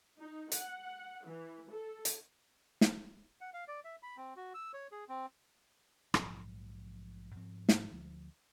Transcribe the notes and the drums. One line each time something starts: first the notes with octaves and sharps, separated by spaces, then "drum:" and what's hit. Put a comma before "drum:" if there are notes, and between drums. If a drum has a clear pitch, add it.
D#4
F#5, drum: hi-hat
E3
A4
drum: hi-hat
drum: snare
F#5
F5
D5
E5
B5
C4
F#4
E6
C#5
G#4
C4
A#1 G#2 F3 F#3, drum: rim click
G#2 F3 C4
drum: snare
D2 F3